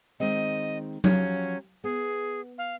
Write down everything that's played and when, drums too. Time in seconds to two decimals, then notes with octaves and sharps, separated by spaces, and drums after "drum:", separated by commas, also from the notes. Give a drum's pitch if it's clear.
0.20 D#3 G#3 C4 D#5
1.04 F3 F#3 C#4 G4, drum: tom F#3
1.84 B3 G#4
2.58 F5